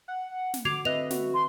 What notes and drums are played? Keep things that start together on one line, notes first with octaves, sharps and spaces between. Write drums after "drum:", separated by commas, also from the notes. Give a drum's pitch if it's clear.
F#5
drum: snare
D3 F#4 D6 G#6 C7 F7
C4 B4 D#5 E5 F#6 F7
F#4, drum: snare
C6